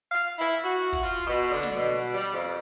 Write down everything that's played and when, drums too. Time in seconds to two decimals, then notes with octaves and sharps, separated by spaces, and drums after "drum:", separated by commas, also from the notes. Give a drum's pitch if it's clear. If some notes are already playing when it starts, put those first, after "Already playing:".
0.11 F5
0.39 E4
0.64 F#4
0.92 drum: kick, hi-hat
1.04 F4
1.16 drum: hi-hat
1.27 B2
1.40 drum: hi-hat
1.51 D3
1.63 drum: snare
1.76 B2
1.87 drum: hi-hat
2.14 G3
2.34 F2, drum: hi-hat